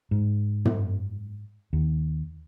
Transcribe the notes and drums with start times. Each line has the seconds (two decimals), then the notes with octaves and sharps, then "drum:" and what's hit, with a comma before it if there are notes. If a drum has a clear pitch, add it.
0.11 G#2
0.65 drum: tom
1.73 D#2